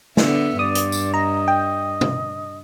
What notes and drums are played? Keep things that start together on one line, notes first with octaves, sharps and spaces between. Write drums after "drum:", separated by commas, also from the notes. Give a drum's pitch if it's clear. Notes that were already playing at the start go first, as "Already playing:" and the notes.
D3 B3 E5, drum: snare
G2 D5 D#6
drum: hi-hat
drum: tambourine
D#5 A#5
G5
drum: tom B2